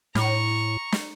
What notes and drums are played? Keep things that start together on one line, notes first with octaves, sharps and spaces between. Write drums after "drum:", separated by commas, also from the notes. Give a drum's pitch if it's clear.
A2 A#5 C#6, drum: snare
drum: snare